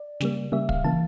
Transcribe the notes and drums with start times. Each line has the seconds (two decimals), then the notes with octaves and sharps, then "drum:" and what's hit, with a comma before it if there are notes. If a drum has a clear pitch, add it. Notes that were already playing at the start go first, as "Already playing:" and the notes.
Already playing: D5
0.20 C#3 G3 A#3, drum: snare
0.52 C#3 G3 A#3 E5
0.69 F5, drum: kick
0.84 C#3 E3 A#3 A5